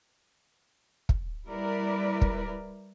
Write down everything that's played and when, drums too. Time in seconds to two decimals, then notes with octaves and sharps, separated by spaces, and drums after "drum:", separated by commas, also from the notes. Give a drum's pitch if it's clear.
1.09 drum: kick
1.46 G3 E4 A#4 B4 D5
2.21 drum: kick